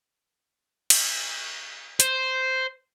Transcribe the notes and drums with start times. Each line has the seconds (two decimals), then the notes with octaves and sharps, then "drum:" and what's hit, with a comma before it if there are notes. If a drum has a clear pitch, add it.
0.90 drum: cymbal
2.00 C5, drum: hi-hat